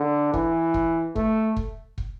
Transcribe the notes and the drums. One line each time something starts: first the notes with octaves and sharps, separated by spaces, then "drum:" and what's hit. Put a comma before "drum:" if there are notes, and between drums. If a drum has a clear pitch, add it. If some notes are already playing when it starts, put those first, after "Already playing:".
Already playing: D3
E3, drum: kick
drum: kick
A3, drum: kick
drum: kick
drum: kick